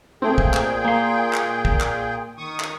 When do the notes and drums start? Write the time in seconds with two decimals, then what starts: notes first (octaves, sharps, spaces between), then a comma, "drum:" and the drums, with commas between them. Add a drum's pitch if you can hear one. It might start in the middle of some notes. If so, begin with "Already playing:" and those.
0.22 A#2 A3 C4 G#4 G5
0.38 drum: kick
0.54 drum: clap
0.85 A#3 C6
1.33 drum: clap
1.65 drum: kick
1.81 drum: clap
2.38 D#3 C#6 D#6
2.60 drum: clap